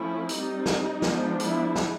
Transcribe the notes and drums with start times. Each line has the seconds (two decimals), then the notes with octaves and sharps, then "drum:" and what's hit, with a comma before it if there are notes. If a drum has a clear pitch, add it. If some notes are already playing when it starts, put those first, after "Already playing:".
Already playing: F3 A3 C#4 E4
0.29 G3 C4 D#4, drum: hi-hat
0.66 drum: snare
1.02 F3 G#3 B3 D4, drum: snare
1.40 E4, drum: hi-hat
1.76 drum: snare